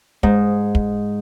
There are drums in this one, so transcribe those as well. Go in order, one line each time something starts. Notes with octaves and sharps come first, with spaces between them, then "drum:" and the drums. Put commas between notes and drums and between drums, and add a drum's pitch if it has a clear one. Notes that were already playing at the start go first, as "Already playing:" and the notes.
G#2, drum: kick
drum: kick